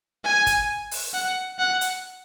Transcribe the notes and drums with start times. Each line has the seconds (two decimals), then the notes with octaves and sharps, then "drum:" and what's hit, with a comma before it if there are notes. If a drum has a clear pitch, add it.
0.24 G#5
0.47 drum: kick, hi-hat
0.91 drum: open hi-hat
1.14 F#5
1.59 F#5
1.81 drum: hi-hat